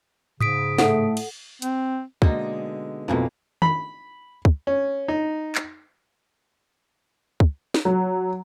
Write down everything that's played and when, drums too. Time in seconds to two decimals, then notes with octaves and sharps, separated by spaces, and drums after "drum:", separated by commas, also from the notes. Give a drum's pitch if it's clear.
0.41 G#2 C#3 D#6 B6 D7, drum: tom G#2
0.78 A2 A3 A4 F#5, drum: snare
1.17 drum: cymbal
1.62 C4, drum: hi-hat
2.22 B2 D3 G#3 A#3 D#4, drum: kick
3.08 B1 F2 A2 E3 A#3
3.62 B5, drum: tom D#3
4.45 drum: kick
4.67 C#4
5.08 D#4
5.55 drum: clap
7.40 drum: kick
7.74 drum: snare
7.85 F#3